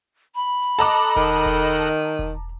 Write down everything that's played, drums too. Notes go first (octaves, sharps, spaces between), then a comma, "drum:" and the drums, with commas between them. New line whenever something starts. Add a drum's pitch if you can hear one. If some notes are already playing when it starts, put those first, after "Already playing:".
B5
drum: hi-hat
A4 D#5 A5 A#5 D6 F#6
D#3, drum: kick E1
drum: kick E1
drum: kick E1